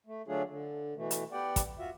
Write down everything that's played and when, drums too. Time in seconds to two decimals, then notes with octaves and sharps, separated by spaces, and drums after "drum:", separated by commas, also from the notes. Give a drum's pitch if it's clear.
0.07 A3
0.28 D3 F#3 A3 D4 F4 G#4
0.49 D3
0.96 B2 E3 A3
1.11 drum: hi-hat
1.32 B3 G4 D5 F#5 G5
1.56 drum: kick, hi-hat
1.79 F4 F#4 E5